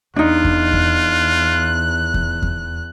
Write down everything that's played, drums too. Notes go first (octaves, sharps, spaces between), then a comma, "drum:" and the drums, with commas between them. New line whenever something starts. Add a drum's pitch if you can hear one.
E2 D4 D#4 F4 F#6
drum: kick E2
drum: kick E2
drum: kick E2
drum: kick E2